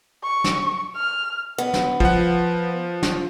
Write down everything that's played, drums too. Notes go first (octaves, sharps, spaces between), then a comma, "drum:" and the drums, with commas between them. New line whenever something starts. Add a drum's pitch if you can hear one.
C#6
drum: snare
F6
B3
drum: snare
F3 F#5, drum: kick
drum: snare